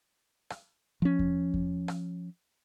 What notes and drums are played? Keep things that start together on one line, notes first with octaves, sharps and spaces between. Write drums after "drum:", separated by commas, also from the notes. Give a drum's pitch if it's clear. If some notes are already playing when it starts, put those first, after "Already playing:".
drum: rim click
F3 C#4
drum: kick E2
drum: kick E2
drum: rim click